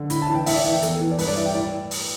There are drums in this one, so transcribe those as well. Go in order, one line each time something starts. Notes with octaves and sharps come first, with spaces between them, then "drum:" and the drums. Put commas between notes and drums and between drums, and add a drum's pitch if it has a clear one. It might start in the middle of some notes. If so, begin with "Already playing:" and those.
Already playing: D3
A2 B5, drum: hi-hat
A5
E3
G5
A2 E5, drum: open hi-hat
D5
E3 E5
G5
E2 A4, drum: hi-hat
E3
D5
G2 B4, drum: open hi-hat
D5
E3 E5
G5
A2 D5
drum: open hi-hat